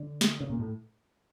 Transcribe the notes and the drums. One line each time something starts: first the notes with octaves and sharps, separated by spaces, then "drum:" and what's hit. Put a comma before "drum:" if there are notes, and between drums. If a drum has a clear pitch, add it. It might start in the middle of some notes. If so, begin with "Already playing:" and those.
Already playing: D3
drum: snare
C#3
A#2
A2